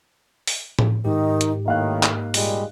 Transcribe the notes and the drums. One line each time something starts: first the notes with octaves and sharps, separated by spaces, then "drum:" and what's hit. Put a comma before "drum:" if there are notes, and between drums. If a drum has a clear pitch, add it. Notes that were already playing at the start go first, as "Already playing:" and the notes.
drum: open hi-hat
drum: tom A2
G#2 D#3 D#4 G4
drum: hi-hat
A2 D#3 A#3 D#4 F5 F#6
drum: clap
A#2 G3 G#3, drum: open hi-hat